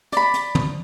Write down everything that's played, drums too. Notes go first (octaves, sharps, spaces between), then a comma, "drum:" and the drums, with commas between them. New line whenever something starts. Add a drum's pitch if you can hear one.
D5 B5, drum: hi-hat
drum: hi-hat
drum: tom